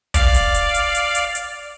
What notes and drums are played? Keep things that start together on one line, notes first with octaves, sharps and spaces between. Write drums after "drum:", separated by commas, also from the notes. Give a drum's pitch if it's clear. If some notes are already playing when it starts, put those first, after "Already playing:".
D5 F5, drum: kick, hi-hat
drum: hi-hat
drum: hi-hat
drum: hi-hat
drum: hi-hat
drum: hi-hat
drum: hi-hat